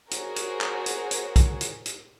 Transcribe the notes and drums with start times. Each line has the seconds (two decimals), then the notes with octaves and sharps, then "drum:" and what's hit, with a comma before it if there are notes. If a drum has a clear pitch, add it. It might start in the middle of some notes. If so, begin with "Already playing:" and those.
0.11 F#4 G#4 A#4 C5 C#5, drum: hi-hat
0.36 drum: hi-hat
0.61 drum: clap
0.86 drum: hi-hat
1.11 drum: hi-hat
1.36 drum: kick, hi-hat
1.61 drum: hi-hat
1.86 drum: hi-hat